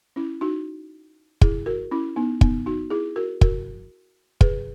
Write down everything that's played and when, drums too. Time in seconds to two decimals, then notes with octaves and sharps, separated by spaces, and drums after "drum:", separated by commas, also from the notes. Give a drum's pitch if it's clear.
0.16 C#4 E4
0.41 D#4 F#4
1.41 E4 G#4, drum: kick
1.66 F#4 A#4
1.91 C#4 E4
2.16 B3 D#4
2.41 B3 D#4, drum: kick
2.66 D#4 F#4
2.90 E4 G#4
3.16 F#4 A#4
3.41 F#4 A#4, drum: kick
4.41 G#4 B4, drum: kick